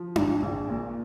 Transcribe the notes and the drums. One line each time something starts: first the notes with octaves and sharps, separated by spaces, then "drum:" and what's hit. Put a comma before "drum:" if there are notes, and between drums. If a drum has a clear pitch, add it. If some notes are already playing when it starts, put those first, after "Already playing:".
Already playing: F3
G#1, drum: tom D4
A#1
A#2